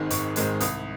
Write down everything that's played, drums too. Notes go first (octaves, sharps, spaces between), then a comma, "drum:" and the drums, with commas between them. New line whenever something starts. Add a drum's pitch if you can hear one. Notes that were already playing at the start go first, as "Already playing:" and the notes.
Already playing: G#1 G#2 D#3 G#3 C4
G#1 C#6, drum: hi-hat
G#2 D#3 G#3 C4, drum: hi-hat
C2 D#6, drum: hi-hat